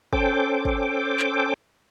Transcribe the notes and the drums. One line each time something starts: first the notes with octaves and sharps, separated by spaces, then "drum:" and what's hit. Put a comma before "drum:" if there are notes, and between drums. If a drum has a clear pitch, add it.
C#4 A4 C5 G5 D6, drum: kick
drum: kick
drum: clap